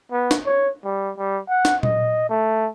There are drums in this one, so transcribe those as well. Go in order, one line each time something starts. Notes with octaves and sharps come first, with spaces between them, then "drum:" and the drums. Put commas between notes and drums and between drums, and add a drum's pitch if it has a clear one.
B3
drum: snare
C#5
G3
G3
F#5
drum: snare
D#5, drum: tom A#2
A3